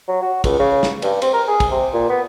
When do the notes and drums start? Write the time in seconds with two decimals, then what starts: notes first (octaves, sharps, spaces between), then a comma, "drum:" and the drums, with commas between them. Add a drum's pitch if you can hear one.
0.08 F#3
0.22 F#4
0.44 C#2, drum: kick, cymbal
0.59 C#3
0.83 drum: snare
1.02 G2, drum: cymbal
1.22 C4, drum: cymbal
1.33 A#4
1.48 G#4
1.60 drum: kick, cymbal
1.71 C3
1.93 A#2
2.09 B3